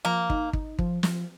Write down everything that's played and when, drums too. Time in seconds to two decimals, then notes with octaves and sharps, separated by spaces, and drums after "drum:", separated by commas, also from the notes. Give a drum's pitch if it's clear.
0.05 F3 A#3
0.30 D#4, drum: kick
0.53 D#4, drum: kick
0.79 F3, drum: kick
1.03 F3, drum: snare